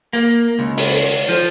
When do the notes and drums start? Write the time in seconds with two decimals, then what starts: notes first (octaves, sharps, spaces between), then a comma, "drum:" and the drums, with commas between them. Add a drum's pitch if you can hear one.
0.13 A#3
0.59 C#2
0.78 drum: open hi-hat
1.29 F3